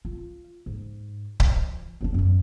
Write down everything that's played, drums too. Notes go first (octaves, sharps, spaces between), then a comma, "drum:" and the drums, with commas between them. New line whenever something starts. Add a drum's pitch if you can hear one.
F4
G#2
F3, drum: kick C#1
G2 D4
F#2 F#3